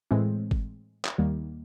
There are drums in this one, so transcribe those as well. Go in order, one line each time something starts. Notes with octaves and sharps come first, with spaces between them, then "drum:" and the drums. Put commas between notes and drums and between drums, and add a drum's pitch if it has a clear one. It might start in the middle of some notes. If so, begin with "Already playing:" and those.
A2 E3 G#3 C4
drum: kick
drum: clap
D#2 D#3 G3 A#3